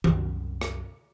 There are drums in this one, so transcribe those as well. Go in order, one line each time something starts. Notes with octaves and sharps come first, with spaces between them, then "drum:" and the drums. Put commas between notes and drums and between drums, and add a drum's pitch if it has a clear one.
C2 F#2, drum: tom D#3
drum: rim click